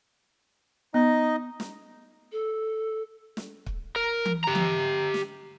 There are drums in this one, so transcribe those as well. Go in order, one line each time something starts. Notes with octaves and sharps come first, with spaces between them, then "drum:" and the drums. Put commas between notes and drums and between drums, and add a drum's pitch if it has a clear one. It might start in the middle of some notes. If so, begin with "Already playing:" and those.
B3 D#4 D#5
drum: snare
A4
drum: snare
drum: kick
A#4
drum: tom E3
G4 A#5
drum: tom E3
drum: snare